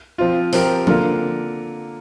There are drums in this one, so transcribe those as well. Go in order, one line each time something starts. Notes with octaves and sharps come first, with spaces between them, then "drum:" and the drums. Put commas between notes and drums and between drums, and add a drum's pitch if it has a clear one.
F3 C4 F4
F3 C4 G4 A#4, drum: open hi-hat
D3 A#3 F4 A#4, drum: tom F3